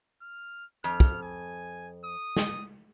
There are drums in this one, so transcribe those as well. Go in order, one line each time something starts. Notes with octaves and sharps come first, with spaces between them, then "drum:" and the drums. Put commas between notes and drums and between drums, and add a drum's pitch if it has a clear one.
F6
F2 F6
drum: kick
G#5
D#6
drum: snare